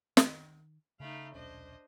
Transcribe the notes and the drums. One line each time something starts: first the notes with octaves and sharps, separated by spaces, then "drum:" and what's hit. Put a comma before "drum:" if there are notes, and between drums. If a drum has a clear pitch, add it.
D#3, drum: snare
C#3 A3 D#4 F5 B5
D#1 B1 C#4 D4 C5 D#5